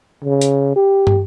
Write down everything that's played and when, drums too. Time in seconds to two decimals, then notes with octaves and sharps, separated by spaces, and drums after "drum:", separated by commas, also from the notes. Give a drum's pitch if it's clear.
0.25 C#3
0.41 drum: hi-hat
0.76 G4
1.07 drum: tom